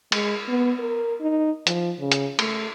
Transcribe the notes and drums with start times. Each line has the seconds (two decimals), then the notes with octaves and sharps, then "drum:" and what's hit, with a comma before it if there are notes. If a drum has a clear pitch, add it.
0.12 G#3, drum: cymbal
0.48 B3
0.79 A#4
1.20 D#4
1.67 F3, drum: hi-hat
2.00 C#3
2.12 drum: hi-hat
2.39 A3, drum: cymbal